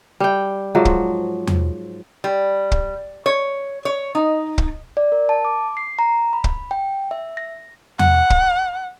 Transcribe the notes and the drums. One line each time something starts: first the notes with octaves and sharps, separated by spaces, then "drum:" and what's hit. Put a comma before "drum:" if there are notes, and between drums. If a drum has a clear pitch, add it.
G3 G5
G#2 F3 F#3
drum: kick
drum: tom E2
G3
drum: kick
C#5
C#5
D#4
drum: kick
D5
A#4
A5
D6
C7
A#5
B5
drum: kick
G5
E5
A#6
F#5, drum: tom E2
drum: kick